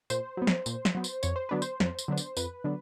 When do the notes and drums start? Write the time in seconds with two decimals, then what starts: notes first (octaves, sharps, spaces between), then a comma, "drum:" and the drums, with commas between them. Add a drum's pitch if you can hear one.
0.10 A#2 C5, drum: tambourine
0.37 F#3 B3
0.47 drum: snare
0.66 A#2, drum: tambourine
0.85 drum: snare
0.95 F#3 B3
1.04 drum: tambourine
1.23 F2 C#5, drum: tambourine
1.36 C5
1.49 D3 F#3 B3 D4 B4
1.62 C5, drum: tambourine
1.80 F2, drum: snare
1.99 drum: tambourine
2.08 D3 F#3 B3 D4
2.17 drum: tambourine
2.37 F2 B4, drum: tambourine
2.64 D3 F#3 B3 D4